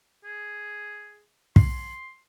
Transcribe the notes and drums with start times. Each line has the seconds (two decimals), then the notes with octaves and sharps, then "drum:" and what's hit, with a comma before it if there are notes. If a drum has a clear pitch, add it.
0.25 G#4
1.56 C6, drum: kick